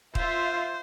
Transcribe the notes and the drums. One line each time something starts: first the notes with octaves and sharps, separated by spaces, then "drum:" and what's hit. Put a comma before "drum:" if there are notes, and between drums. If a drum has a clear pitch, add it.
F4 C5 E5, drum: kick D#1